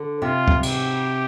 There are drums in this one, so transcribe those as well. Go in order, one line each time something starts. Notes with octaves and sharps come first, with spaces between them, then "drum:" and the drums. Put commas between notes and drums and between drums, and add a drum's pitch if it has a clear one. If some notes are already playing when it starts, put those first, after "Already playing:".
Already playing: D3
C3 F4
drum: kick C#2
G4, drum: cymbal